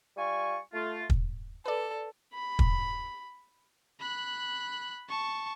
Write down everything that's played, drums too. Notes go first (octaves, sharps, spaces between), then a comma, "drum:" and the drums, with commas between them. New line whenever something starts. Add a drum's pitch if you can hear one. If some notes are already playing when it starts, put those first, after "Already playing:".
G3 F4 D5 G#5 C#6
A3 F4
drum: kick
A4 B4 D5
B5
drum: kick
B5 F#6
A5 C#6